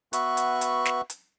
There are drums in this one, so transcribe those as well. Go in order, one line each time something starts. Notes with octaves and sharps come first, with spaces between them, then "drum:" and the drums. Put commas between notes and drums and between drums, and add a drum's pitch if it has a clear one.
B3 F#4 B4 E5 C#6 F#6, drum: hi-hat
drum: hi-hat
drum: hi-hat
drum: snare
drum: hi-hat